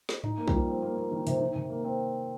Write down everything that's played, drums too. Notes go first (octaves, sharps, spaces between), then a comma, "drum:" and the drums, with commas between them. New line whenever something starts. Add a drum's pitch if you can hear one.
drum: snare
D#4, drum: tom G#2
A#3
G3, drum: kick
F3
C4
A#3
A#3
D#3
C3, drum: hi-hat
D#3
C3
A#3
C4